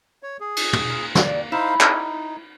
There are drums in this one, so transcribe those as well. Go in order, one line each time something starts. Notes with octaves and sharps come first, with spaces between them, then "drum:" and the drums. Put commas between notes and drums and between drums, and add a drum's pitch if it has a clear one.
C#5
G#4
drum: cymbal
drum: tom
A#2
A#3 D5 G5, drum: snare
D#4 E4 C5 F5
D#4, drum: clap